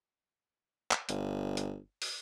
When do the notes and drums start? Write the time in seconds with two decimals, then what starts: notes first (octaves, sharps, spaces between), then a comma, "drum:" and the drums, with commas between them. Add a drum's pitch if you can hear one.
0.91 drum: clap
1.09 G1, drum: hi-hat
1.57 drum: hi-hat
2.02 drum: open hi-hat